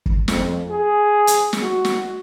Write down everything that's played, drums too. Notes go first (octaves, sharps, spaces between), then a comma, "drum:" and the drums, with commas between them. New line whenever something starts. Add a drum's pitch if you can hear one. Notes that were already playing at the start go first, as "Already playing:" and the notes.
drum: kick
F2, drum: snare
G#4
drum: hi-hat
drum: snare
F#4
drum: snare